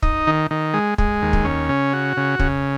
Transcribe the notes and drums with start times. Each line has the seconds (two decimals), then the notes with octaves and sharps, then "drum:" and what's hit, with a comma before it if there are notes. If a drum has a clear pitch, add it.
0.02 D#4, drum: kick
0.27 D#3
0.51 D#3
0.74 G#3
0.98 G#3, drum: kick
1.22 D#2
1.33 drum: kick
1.45 C#4
1.69 C#3
1.93 F#4
2.17 C#3
2.39 C#3, drum: kick